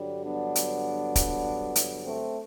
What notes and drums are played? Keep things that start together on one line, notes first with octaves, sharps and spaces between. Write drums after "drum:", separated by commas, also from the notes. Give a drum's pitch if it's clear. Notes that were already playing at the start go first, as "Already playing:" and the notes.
Already playing: G2 D3 F#3 G3
B3 D4
drum: hi-hat
drum: kick, hi-hat
drum: hi-hat
A3 C4